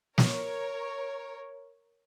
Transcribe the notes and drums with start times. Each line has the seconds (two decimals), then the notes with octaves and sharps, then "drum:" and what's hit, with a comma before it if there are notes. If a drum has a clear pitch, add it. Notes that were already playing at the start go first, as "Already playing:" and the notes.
0.18 A#4 C#5, drum: snare